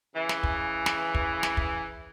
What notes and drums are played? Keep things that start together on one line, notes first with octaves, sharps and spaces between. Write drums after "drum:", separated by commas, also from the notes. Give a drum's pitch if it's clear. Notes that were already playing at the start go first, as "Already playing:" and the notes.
C#3 E3
drum: snare
drum: kick
drum: snare
drum: kick
drum: snare
drum: kick